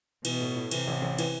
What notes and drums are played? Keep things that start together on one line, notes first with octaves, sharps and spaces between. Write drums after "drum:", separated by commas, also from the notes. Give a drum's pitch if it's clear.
B2 E3, drum: cymbal
A2
A2
C3 E3, drum: cymbal
A1
A1
E3, drum: cymbal